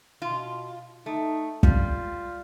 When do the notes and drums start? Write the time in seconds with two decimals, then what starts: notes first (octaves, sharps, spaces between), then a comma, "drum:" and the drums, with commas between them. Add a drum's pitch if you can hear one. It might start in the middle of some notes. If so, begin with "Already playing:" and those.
0.22 B2 F4
1.06 A3 D#4
1.63 G3 F4, drum: kick